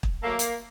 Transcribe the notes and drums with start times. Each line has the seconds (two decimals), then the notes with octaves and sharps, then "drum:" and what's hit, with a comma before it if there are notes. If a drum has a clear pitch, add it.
0.03 drum: kick
0.23 F#3 A3 A#3
0.39 drum: hi-hat